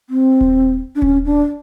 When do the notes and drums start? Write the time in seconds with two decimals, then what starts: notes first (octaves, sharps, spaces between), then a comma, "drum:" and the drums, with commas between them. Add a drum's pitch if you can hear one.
0.10 C4
0.41 drum: kick D#1
0.96 D4
1.02 C#4, drum: kick D#1
1.25 D4